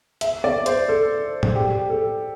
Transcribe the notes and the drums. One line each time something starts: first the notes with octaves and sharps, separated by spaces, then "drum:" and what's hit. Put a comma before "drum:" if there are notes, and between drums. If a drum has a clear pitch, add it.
E5, drum: hi-hat
D5
C5, drum: hi-hat
A4
drum: tom
G4
A4